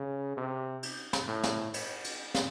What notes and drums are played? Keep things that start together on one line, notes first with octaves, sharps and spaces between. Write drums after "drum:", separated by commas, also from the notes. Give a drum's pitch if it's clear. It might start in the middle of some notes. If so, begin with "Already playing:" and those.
Already playing: C#3
C3
drum: cymbal
drum: snare
A2
drum: snare
drum: cymbal
drum: cymbal
drum: snare